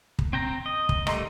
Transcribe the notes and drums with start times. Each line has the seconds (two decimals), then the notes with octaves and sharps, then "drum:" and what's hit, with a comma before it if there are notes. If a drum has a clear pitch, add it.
0.19 drum: kick
0.33 C4 G5 A#5
0.66 D#5
0.89 drum: kick
1.07 D#3 G3 A3 D#5 A#5 C6, drum: rim click